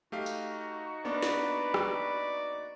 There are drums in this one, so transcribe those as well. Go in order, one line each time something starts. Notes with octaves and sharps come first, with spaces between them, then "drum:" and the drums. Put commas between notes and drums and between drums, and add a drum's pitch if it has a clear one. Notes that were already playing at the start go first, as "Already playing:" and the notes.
A3 D#4 F#4 G4 F5
drum: tambourine
A#3 B3 D4 B4 D5
drum: snare
drum: rim click